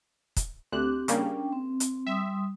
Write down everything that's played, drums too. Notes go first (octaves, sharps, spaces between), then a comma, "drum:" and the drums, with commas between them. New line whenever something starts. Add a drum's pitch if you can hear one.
drum: kick, hi-hat
D2 C4 G4 D6 F#6
C#3 G3 A#3 C#4 D4 G5, drum: hi-hat
C4
drum: hi-hat
G3 E5 C6 D#6